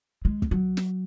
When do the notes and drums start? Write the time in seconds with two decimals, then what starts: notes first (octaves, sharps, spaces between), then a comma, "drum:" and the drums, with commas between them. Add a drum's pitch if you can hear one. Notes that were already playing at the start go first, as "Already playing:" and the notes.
0.25 G#3
0.42 drum: kick
0.51 F#3
0.77 drum: snare